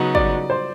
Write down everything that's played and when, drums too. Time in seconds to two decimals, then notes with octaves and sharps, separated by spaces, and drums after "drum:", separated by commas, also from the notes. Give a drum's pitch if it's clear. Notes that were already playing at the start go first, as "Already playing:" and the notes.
Already playing: C#3 F#3 B3 D#4 D#5
0.15 D5, drum: kick
0.50 C5